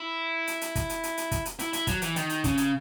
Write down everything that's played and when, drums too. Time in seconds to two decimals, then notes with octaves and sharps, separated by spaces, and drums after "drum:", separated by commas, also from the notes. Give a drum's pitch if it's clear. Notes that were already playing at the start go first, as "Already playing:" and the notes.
Already playing: E4
0.47 drum: hi-hat
0.61 drum: hi-hat
0.75 drum: kick, hi-hat
0.89 drum: hi-hat
1.03 drum: hi-hat
1.17 drum: hi-hat
1.31 drum: kick, hi-hat
1.45 drum: hi-hat
1.59 E4, drum: hi-hat
1.73 E4, drum: hi-hat
1.87 F#3, drum: kick, hi-hat
2.02 E3, drum: hi-hat
2.16 D#3, drum: hi-hat
2.29 drum: hi-hat
2.44 C#3, drum: kick, hi-hat
2.57 drum: hi-hat